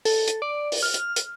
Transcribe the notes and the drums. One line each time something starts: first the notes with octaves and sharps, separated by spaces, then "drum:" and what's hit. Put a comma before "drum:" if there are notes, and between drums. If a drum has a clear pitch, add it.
A4, drum: open hi-hat
drum: hi-hat
D5
drum: open hi-hat
F6
drum: hi-hat
drum: hi-hat